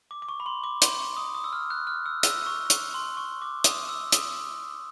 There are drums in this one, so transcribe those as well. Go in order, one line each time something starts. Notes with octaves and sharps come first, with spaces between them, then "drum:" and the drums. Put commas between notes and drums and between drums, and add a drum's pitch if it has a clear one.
D6
D6
C#6
B5
C6
D6
C6, drum: hi-hat
C#6
D#6
D#6
E6
F6
F#6
F6
E6
E6, drum: hi-hat
C#6
C#6, drum: hi-hat
C6
C#6
D6
D#6, drum: hi-hat
E6
D#6, drum: hi-hat